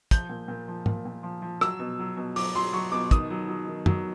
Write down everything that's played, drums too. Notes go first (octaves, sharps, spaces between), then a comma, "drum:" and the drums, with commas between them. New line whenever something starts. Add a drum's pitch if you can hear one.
F3 G6, drum: kick, hi-hat
A#2
A#2
F3
A#2, drum: tom
A#2
F3
F3
F#3 E6, drum: rim click
B2
F#3
B2
F#3 D6, drum: open hi-hat
F#3 C6
F#3 C#6
B2 D6
D#3 D#6, drum: kick, hi-hat
F#3
F#3
D#3
F#3, drum: tom